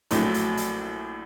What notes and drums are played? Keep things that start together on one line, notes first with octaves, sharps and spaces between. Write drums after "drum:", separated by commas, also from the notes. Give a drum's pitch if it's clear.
A#1 A2 F#3 A3 C4, drum: hi-hat
drum: hi-hat
drum: hi-hat